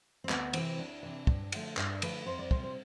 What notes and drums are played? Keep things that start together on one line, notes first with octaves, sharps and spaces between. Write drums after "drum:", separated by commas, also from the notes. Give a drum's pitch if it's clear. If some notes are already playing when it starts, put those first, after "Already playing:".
C4
D2 B3, drum: clap
C3 E3 C4, drum: cymbal
D2 D4
C3 E3
G2, drum: kick
D3 F3 A3, drum: cymbal
G2 D4, drum: clap
D3 F3 A3 B4, drum: cymbal
F2 C5
D5
C3 G3 C5, drum: kick
C5